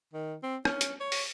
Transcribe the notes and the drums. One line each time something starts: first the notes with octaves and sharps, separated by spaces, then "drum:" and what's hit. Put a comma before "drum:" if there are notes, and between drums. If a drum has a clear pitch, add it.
D#3
C4
C#4, drum: rim click
drum: hi-hat
C#5
drum: open hi-hat